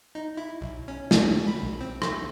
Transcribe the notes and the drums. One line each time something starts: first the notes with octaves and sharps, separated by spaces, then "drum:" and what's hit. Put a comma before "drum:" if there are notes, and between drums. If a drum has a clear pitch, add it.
D#4
E4
B1
C#4
C#4, drum: snare
B5
B1
C4
A3, drum: rim click